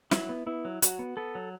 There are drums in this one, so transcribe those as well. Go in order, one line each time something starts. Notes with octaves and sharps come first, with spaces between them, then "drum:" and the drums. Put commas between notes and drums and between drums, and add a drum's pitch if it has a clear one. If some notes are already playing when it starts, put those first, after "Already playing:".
F#3 E4, drum: snare
B3
B3 E4
F#3
F#3 F#4, drum: hi-hat
B3
B3 A4
F#3